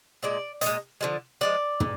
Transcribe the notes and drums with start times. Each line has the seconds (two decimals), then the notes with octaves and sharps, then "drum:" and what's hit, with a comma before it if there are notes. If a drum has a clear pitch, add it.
0.23 A#2 G#3 D5
0.61 A#2 G#3 D#5, drum: hi-hat
1.01 D3 F3 G#3
1.41 D3 F3 G#3 D5
1.80 A#2, drum: tom